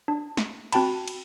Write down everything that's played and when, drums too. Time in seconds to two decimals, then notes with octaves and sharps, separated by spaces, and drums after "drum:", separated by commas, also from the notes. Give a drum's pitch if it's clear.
0.08 D4
0.37 drum: snare
0.72 C4 F#4 G5 A5 B5, drum: cymbal
1.08 drum: cymbal